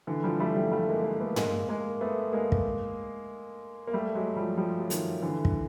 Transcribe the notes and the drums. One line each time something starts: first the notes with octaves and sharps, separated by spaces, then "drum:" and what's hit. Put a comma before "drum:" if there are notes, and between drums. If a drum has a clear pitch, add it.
D3 E3
F3 G3
G3 A3
G3 A3
G3 A3
G#3 A#3
G#3 A#3
A3 B3
G#3 A#3, drum: tom
G#3 A#3
A3 B3
G#3 A#3
drum: kick
A#3
G3 A3
F#3 G#3
F3 G3
F3 G3
F#3
D#3 F3, drum: hi-hat
D3 E3
drum: kick